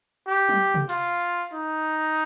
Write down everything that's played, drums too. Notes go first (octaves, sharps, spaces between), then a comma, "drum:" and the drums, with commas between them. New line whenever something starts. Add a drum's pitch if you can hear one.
G4
drum: tom F#3
drum: tom C3
F4, drum: cymbal
D#4